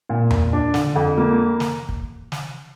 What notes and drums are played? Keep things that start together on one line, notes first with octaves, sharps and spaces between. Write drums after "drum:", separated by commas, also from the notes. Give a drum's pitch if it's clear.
A#2
A#2, drum: tom E2
D4
D3, drum: snare
F2
A#3
drum: snare
drum: kick
drum: snare